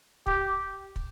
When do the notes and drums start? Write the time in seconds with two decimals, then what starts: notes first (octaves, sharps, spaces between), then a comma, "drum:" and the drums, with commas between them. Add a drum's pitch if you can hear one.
0.27 G4, drum: kick
0.96 drum: kick